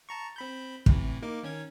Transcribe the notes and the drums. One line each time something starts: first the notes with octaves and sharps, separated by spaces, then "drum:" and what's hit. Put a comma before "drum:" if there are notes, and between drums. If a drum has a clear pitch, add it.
A5 A#5 C#6
C4 B5 G6
A2 C3 E3, drum: kick
A#3 D#4 D6
D#3 C#4 G#6